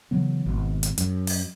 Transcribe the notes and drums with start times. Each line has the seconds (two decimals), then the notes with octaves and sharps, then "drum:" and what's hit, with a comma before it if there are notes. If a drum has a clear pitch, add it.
0.11 C#3 E3 F#3 B3
0.46 G#1 B2
0.83 drum: hi-hat
0.98 F#2, drum: hi-hat
1.27 drum: open hi-hat